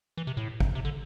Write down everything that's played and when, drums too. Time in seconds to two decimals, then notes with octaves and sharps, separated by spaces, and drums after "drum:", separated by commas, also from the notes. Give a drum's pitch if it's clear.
0.17 E3
0.27 C3
0.37 A2
0.60 drum: kick
0.75 C3
0.85 D3